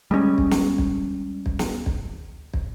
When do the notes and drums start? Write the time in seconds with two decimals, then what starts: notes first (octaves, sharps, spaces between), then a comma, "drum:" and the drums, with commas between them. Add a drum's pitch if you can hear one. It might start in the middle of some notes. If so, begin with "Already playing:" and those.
0.11 G3 G#3 C4 C#4
0.38 drum: kick
0.51 drum: snare
0.78 drum: kick
1.46 drum: kick
1.59 drum: snare
1.86 drum: kick
2.54 drum: kick